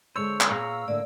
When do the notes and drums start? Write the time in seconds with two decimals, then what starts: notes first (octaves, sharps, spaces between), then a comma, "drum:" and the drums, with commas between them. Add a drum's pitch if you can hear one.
0.16 D3 G#3 D4 C5 C#5 E6
0.41 drum: clap
0.50 A#2 B3 G#4 C#5 F5 A#5
0.88 A2 D3 A#3 D5